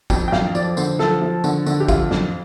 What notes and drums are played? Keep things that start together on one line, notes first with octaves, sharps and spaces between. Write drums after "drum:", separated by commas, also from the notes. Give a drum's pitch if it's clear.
F2 G5, drum: kick, tambourine
G5
F2 F5, drum: snare
F3 D5, drum: tambourine
D3 C5, drum: tambourine
F3 A4, drum: snare
F3
D3, drum: tambourine
D3, drum: tambourine
G4
F2 F4, drum: kick, tambourine
F2, drum: snare